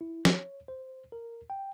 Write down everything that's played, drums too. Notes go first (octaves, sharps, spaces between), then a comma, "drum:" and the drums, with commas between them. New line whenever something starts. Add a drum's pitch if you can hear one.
E4
C#5, drum: snare
C5
A#4
G5